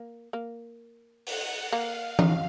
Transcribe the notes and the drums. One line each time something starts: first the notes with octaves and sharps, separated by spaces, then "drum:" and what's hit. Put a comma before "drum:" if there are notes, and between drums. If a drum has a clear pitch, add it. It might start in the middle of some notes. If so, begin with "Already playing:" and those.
Already playing: A#3
A#3
F#5, drum: open hi-hat
A#3 F5
D#4, drum: tom E3